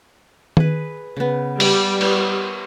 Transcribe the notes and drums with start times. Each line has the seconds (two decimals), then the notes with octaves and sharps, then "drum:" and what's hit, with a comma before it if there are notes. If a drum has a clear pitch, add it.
0.57 G#4 B4, drum: tom D#3
1.16 C#3 B3
1.60 G3 B4 D5, drum: open hi-hat
2.01 B3 F#5, drum: cymbal